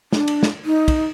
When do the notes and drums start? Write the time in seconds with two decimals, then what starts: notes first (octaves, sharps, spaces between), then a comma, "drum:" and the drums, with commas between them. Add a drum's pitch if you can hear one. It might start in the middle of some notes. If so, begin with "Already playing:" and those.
0.13 D4, drum: snare
0.28 drum: cymbal
0.43 drum: snare
0.65 D#4
0.88 drum: kick, cymbal